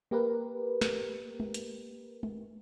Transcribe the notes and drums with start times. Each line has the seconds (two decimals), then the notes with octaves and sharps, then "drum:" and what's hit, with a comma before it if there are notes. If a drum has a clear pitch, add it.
0.11 A#3 G4 A#4 B4
0.81 drum: snare
1.40 drum: tom G#3
1.54 drum: hi-hat
2.23 drum: tom G#3